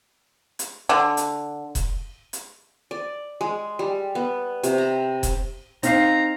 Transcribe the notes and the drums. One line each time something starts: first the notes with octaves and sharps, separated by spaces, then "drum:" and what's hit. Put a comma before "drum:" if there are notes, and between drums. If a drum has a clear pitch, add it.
drum: hi-hat
D3
drum: hi-hat
drum: kick E1, hi-hat
drum: hi-hat
D5
G#3
G3
B3
C3, drum: hi-hat
A#5
drum: kick E1, hi-hat
C4 D#4 F5 A#5 C7, drum: hi-hat